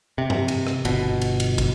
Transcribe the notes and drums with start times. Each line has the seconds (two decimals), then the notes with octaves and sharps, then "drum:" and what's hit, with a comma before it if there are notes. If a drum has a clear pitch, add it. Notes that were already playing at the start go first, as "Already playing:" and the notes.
0.18 C3
0.30 drum: tom G2
0.48 drum: cymbal
0.67 drum: rim click
0.85 G1 B2, drum: cymbal
1.22 drum: cymbal
1.40 drum: cymbal
1.58 drum: kick, cymbal